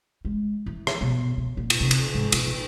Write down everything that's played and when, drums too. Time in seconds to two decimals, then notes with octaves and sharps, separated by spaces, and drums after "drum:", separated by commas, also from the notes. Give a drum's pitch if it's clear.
0.25 G#3
0.66 E3
0.87 drum: rim click
1.01 B2
1.37 B2
1.57 A#2
1.70 drum: cymbal
1.80 C3
1.91 drum: cymbal
2.15 G#1
2.32 B2, drum: cymbal
2.47 A#1